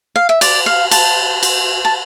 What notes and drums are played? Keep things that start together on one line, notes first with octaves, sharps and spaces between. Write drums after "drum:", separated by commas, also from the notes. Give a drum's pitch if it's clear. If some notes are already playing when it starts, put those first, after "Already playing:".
F5
E5
D5, drum: cymbal
F5
A5, drum: cymbal
drum: cymbal
A5